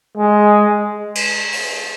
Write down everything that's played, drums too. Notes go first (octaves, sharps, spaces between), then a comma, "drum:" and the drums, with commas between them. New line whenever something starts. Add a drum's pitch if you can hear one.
G#3
drum: cymbal
drum: open hi-hat